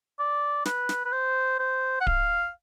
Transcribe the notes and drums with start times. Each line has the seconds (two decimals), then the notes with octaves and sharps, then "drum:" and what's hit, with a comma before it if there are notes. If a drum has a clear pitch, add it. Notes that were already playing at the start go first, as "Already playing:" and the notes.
0.19 D5
0.65 B4, drum: snare
0.89 drum: snare
1.05 B4
1.12 C5
1.59 C5
2.01 F#5
2.07 F5, drum: kick D1